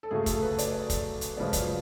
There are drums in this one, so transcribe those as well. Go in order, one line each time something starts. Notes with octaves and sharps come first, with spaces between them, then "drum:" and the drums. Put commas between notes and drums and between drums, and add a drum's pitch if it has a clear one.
A4
F#2 C#3 F#3 A3 G#4
A4, drum: kick, hi-hat
B4
D5, drum: hi-hat
drum: kick, hi-hat
drum: hi-hat
F#2 C#3 F3 G#3 B3 D5
D5, drum: kick, hi-hat